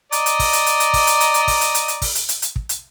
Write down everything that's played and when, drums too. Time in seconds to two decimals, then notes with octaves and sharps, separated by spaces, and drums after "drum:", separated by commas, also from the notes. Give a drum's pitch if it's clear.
0.12 D5 D#5 A#5, drum: hi-hat
0.26 drum: hi-hat
0.39 drum: kick, open hi-hat
0.53 drum: hi-hat
0.66 drum: hi-hat
0.80 drum: hi-hat
0.93 drum: kick, open hi-hat
1.07 drum: hi-hat
1.20 drum: hi-hat
1.34 drum: hi-hat
1.48 drum: kick, open hi-hat
1.61 drum: hi-hat
1.75 drum: hi-hat
1.88 drum: hi-hat
2.02 drum: kick, open hi-hat
2.15 drum: hi-hat
2.29 drum: hi-hat
2.42 drum: hi-hat
2.56 drum: kick
2.69 drum: hi-hat